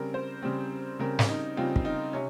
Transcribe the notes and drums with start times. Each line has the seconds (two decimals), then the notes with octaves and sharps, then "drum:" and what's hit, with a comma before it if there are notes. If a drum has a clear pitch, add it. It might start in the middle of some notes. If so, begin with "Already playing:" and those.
Already playing: C#3 G3 C4 A#4
0.14 C5
0.42 C#3 G3 C4
0.99 C#3 G3 C4 A#4
1.19 drum: snare
1.29 D#4
1.57 C#3 G3 C4 F4
1.76 drum: kick
1.85 D#4
2.13 C3 C#4